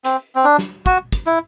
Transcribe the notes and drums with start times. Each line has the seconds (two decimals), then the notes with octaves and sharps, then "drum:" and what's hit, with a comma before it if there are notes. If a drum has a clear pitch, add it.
0.04 C4, drum: hi-hat
0.35 C4
0.44 D4
0.58 drum: snare
0.86 F#4, drum: kick
1.12 drum: kick, hi-hat
1.27 E4